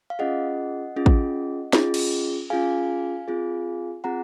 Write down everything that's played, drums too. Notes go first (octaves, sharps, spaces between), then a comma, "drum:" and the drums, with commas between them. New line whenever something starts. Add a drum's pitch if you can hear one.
F5
C#4 F4 G#4 D#5 F#5
C#4 F4 G#4
drum: kick
C#4 F4 G#4, drum: snare
drum: cymbal
C#4 F4 G#4 F5 G#5
C4 F4 G#4
C4 F4 G#4 F#5 A#5